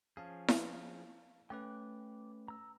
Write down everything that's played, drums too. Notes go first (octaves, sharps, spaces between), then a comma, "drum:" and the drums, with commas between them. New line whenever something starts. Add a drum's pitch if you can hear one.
F3 C#4 G#4 F5 A5
drum: snare E4
A3 C#4 B4 G5 D6 F#6
A#5 E6